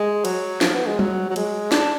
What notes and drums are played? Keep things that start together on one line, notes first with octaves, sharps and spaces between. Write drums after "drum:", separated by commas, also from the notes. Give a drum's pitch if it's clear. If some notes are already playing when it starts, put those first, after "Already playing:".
Already playing: G#3
F#3, drum: cymbal
F3, drum: snare
B3
G#3
F#3, drum: tom F#3
F#3
G#3, drum: cymbal
D4, drum: snare